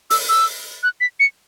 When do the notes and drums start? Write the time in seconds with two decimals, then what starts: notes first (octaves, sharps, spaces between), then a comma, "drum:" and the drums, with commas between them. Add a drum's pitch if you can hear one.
0.10 E6, drum: open hi-hat
0.29 E6
0.83 F#6
1.01 B6
1.20 C#7